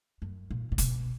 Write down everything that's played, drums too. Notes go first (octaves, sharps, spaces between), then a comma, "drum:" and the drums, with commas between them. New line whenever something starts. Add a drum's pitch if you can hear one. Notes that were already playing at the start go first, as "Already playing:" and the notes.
F#2
A#2
A#2
B2, drum: kick, hi-hat